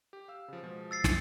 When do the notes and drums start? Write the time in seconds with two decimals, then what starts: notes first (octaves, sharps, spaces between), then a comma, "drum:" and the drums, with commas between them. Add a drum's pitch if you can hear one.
0.13 G4
0.28 F5 E6
0.48 C#3 F3
0.63 B2 F3 G#3
0.91 E6 A6 C7
1.04 drum: snare